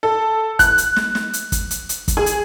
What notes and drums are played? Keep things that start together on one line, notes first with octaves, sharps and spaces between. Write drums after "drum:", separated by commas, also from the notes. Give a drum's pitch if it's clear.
A4
F#6, drum: kick, hi-hat
drum: hi-hat
drum: snare
drum: snare
drum: hi-hat
drum: kick, hi-hat
drum: hi-hat
drum: hi-hat
drum: kick, hi-hat
G#4
drum: hi-hat